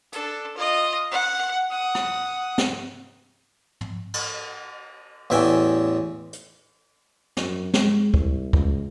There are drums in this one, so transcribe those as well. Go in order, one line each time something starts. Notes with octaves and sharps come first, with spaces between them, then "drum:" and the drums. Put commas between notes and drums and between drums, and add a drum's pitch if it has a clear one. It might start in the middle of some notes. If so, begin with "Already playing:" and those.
D4 A4, drum: hi-hat
F4 D#5
F#5
F#5 D#6
drum: rim click
drum: snare
drum: tom
drum: cymbal
A1 E2 E5 G5 G#5
drum: hi-hat
F#2, drum: snare
G#3, drum: snare
C2, drum: kick
C#2, drum: kick